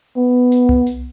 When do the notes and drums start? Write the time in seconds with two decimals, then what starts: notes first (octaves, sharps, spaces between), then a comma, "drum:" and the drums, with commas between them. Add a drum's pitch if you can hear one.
0.17 B3
0.52 drum: hi-hat
0.69 drum: tom C2
0.86 drum: hi-hat